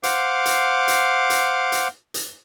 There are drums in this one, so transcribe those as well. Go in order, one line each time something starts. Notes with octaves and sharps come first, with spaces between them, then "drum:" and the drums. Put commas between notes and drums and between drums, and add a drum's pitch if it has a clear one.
C5 F5 F#5 D6, drum: hi-hat
drum: hi-hat
drum: hi-hat
drum: hi-hat
drum: hi-hat
drum: hi-hat